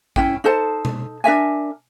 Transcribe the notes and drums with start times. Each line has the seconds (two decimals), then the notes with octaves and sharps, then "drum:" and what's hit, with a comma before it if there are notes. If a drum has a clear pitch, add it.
0.16 C#4 E4 G5, drum: kick
0.44 D#4 A4 C5 A5
0.85 drum: tom B2
1.24 D4 A#4 E5 G#5